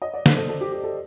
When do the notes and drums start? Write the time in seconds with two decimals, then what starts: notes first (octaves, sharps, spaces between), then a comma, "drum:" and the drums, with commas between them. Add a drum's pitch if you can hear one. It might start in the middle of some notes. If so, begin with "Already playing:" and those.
0.02 D#5
0.13 D5
0.26 C5, drum: snare
0.37 A4
0.49 A4
0.61 G4
0.72 G4
0.84 A4